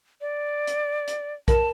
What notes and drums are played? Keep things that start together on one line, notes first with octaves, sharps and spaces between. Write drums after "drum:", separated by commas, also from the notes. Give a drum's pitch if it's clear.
D5
drum: hi-hat
drum: hi-hat
A#4 A5, drum: kick A#1, hi-hat